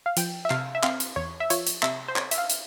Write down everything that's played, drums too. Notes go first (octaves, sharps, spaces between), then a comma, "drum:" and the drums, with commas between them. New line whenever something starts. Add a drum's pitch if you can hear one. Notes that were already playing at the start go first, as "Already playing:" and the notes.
F5
F3 G5, drum: hi-hat
E5
C3 F5, drum: clap
E5
C4 F5, drum: clap
drum: hi-hat
E2 C#5
E5
F3 C#5, drum: hi-hat
drum: hi-hat
C3 E5, drum: clap
C5
C4 C#5, drum: clap
E5, drum: hi-hat
F5
drum: hi-hat